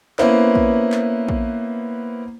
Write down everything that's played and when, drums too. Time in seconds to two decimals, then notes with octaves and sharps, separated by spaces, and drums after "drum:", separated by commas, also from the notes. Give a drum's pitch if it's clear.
0.19 A#3 B3 C#4 E4 B4 C5, drum: clap
0.55 drum: kick A#1
0.92 drum: clap
1.28 drum: kick A#1